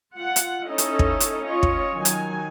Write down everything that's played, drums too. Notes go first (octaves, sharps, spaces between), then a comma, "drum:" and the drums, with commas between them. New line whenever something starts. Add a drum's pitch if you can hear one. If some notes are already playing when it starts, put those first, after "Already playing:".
F4 F#5
drum: hi-hat
C#4 D#4 E4 A4 D#5
drum: hi-hat
drum: kick
drum: hi-hat
C#4 F4 C#5 D#5
drum: kick
D#3 F#3 G#5
drum: hi-hat